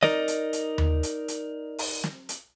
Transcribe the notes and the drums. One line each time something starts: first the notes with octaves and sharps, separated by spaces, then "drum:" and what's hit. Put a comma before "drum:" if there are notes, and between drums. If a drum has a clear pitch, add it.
D#4 A#4 D5 D#5, drum: snare
drum: hi-hat
drum: hi-hat
drum: tom D#2
drum: hi-hat
drum: hi-hat
drum: open hi-hat
drum: snare
drum: hi-hat